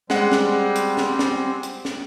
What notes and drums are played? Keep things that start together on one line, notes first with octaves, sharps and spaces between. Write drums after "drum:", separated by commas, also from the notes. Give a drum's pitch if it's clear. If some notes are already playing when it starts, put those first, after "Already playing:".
G3 G#3 C4 F#5, drum: snare
drum: snare
drum: hi-hat
drum: snare
drum: snare
drum: hi-hat
drum: snare